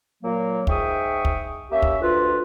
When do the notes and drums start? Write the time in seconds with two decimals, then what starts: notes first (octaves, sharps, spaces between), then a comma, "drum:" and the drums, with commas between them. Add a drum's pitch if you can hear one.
0.24 A#2 F#3 A#3
0.67 G#2 G#4 E5 G5 C#6 D#6, drum: kick
1.25 drum: kick
1.71 A#3 C#4 G4 E5
1.83 drum: kick
2.01 D2 F4 B4